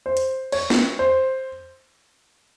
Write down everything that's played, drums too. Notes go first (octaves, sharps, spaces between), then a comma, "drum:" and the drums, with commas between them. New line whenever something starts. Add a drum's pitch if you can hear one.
C5
drum: hi-hat
C#5, drum: cymbal
drum: snare
C5